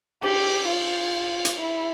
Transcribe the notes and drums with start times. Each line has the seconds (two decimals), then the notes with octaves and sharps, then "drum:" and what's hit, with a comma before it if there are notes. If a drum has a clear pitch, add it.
0.22 G4, drum: cymbal
0.68 F4
1.45 drum: hi-hat
1.60 E4